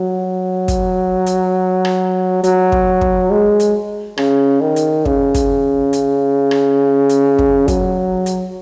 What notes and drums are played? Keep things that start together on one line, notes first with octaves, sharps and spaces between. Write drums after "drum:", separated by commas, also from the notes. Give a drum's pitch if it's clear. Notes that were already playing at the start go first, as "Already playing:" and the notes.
Already playing: F#3
drum: kick, hi-hat
drum: hi-hat
drum: rim click
F#3, drum: hi-hat
drum: kick
drum: kick
G#3
drum: hi-hat
C#3, drum: rim click
D#3
drum: hi-hat
C#3, drum: kick
drum: kick, hi-hat
drum: hi-hat
drum: rim click
drum: hi-hat
drum: kick
F#3, drum: kick, hi-hat
drum: hi-hat